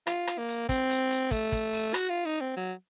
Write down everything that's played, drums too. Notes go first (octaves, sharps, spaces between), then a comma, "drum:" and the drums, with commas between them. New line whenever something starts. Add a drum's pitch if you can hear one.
F4, drum: rim click
drum: rim click
A#3
drum: hi-hat
C4, drum: kick, hi-hat
drum: hi-hat
drum: hi-hat
A3, drum: kick, hi-hat
drum: kick, hi-hat
drum: open hi-hat
F#4, drum: rim click
F4
D#4
C4
F#3